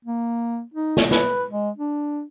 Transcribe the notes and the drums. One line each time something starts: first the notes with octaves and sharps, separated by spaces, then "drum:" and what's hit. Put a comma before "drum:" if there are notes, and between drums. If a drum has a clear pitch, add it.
A#3
D#4
drum: snare
B4, drum: snare
G#3
D4